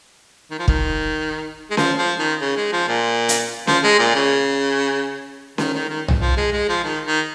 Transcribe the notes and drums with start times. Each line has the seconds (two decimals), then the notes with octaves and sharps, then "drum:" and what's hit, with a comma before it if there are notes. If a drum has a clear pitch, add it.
0.51 D#3
0.59 F3
0.68 D#3, drum: kick
1.70 G#3
1.77 F3, drum: snare C#4
1.98 F3
2.19 D#3
2.41 C#3
2.56 G#3
2.72 F3
2.88 A#2
3.29 drum: hi-hat
3.67 F3, drum: snare C#4
3.84 G#3
3.99 A#2
4.15 C#3
5.58 D#3, drum: snare C#4
5.74 D#3
5.90 D#3
6.08 drum: tom
6.21 F3
6.37 G#3
6.53 G#3
6.69 F3
6.84 D#3
7.06 D#3